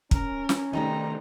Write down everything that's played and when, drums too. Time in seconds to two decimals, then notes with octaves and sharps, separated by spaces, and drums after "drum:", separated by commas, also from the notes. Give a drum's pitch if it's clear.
0.11 C#4 A#4, drum: kick
0.49 drum: snare
0.73 C3 D#3 G3 A3 D#4 A#5